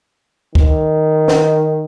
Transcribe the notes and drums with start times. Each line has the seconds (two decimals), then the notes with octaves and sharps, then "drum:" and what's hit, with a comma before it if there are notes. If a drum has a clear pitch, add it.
0.55 D#3, drum: kick
1.28 drum: snare